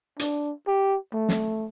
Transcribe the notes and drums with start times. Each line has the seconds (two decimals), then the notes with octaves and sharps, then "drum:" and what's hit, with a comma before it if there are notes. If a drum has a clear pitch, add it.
0.19 D4, drum: hi-hat
0.68 G4
1.14 A3
1.29 drum: snare